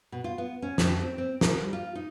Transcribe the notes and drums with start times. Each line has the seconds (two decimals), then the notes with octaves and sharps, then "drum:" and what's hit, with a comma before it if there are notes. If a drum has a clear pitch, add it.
0.12 B2
0.24 F4
0.38 B3
0.62 C#4
0.78 F2, drum: snare
1.01 C4
1.18 C4
1.41 A#4, drum: snare
1.60 G3
1.73 F4
1.95 D#4